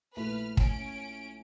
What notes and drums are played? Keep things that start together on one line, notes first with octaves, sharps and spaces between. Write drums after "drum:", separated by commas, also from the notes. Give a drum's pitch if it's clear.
A#1 A3 E4 B4 F6
C#4 D7, drum: kick